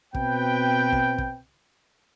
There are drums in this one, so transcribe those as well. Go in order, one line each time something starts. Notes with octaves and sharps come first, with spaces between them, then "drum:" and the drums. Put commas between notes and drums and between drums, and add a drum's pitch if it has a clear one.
B2 C4 B4 G5, drum: kick
drum: kick
drum: kick